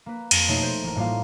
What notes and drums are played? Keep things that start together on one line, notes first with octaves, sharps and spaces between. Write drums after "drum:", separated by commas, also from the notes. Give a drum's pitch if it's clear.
A#3 B4
F2, drum: cymbal
B2 A3 B3 D#4 C#5 C7
C5
A1 A#4
A2 G3 A#3 F4 F5